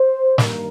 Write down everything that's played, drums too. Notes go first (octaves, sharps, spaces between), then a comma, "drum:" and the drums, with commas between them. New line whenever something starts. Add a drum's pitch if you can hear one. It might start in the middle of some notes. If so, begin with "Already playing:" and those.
Already playing: C5
G2 D#3 A#3 A#4, drum: snare